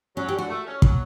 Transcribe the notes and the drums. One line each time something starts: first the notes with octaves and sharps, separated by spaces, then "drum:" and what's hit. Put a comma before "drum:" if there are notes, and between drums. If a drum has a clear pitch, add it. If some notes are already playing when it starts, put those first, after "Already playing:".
F#3 C#4
G4
D3 F#4
A3
C#4
F#3, drum: kick